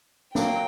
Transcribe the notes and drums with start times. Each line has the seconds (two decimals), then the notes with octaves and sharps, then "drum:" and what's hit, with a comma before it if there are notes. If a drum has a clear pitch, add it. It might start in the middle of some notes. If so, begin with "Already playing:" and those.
0.35 A#2 F#3 A#3 G5, drum: snare